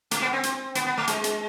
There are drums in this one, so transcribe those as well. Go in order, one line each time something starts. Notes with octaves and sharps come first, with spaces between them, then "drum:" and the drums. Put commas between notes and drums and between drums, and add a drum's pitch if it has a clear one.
A3, drum: hi-hat
B3
C4
drum: hi-hat
B3, drum: hi-hat
B3
A3
G#3, drum: hi-hat
drum: hi-hat